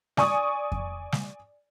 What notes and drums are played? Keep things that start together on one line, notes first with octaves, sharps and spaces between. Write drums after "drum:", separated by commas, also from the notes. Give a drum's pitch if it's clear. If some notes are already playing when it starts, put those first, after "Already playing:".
D5 G#5 C#6 D#6, drum: snare
drum: kick F2
drum: snare